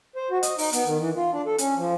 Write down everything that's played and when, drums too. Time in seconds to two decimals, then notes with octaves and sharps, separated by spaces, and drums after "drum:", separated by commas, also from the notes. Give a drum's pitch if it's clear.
0.16 C5
0.31 F#4
0.43 D#5, drum: hi-hat
0.58 D#4, drum: open hi-hat
0.73 B3, drum: hi-hat
0.85 D#3
0.99 E3
1.16 F4
1.32 D4
1.46 A4
1.58 C#4, drum: hi-hat
1.77 F3